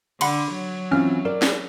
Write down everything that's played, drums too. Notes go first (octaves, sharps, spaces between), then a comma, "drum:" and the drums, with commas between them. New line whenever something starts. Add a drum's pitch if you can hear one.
D3 F#5 B5 C6, drum: cymbal
F#3
E3 C4 C#4 F4 F6
A#4 D5
drum: snare